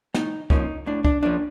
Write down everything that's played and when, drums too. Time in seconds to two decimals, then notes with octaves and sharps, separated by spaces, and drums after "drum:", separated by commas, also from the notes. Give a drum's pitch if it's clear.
0.14 A2 D#4, drum: snare
0.50 F3 A#3 C#4 D#4, drum: kick
0.86 A2 D4
1.05 D4, drum: kick
1.23 F3 A#3 C#4 D4